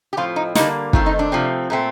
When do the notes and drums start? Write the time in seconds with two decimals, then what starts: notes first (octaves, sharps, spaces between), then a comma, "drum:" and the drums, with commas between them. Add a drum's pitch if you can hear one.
0.13 G4
0.17 A2 F3 C4 F4
0.36 D#4
0.55 D3 G3 A#3 D#4, drum: snare
0.93 D#3 A3 C4 F4, drum: kick
1.06 D#4
1.19 D4
1.32 C3 F3 A3 C4
1.70 A#2 A3 C4